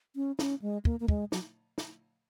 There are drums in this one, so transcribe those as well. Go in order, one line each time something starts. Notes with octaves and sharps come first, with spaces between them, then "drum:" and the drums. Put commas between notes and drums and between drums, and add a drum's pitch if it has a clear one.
C#4
C#4, drum: snare
G#3
A#3, drum: kick
A#3
G#3, drum: kick
F#3, drum: snare
drum: snare